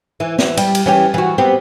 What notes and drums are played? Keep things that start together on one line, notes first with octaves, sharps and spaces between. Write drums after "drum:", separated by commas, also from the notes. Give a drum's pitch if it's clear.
E3
E3, drum: snare
G3, drum: cymbal
drum: cymbal
E3 C#4 G4
E3 F#4
B3 C4 G4